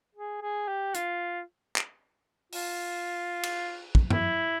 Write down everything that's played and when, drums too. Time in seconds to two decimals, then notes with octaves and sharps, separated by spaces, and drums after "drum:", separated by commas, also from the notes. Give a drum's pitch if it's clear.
0.15 G#4
0.41 G#4
0.68 G4
0.94 F4, drum: hi-hat
1.76 drum: clap
2.52 F4, drum: open hi-hat
3.43 drum: cymbal
3.95 drum: kick
4.10 E4, drum: tom G2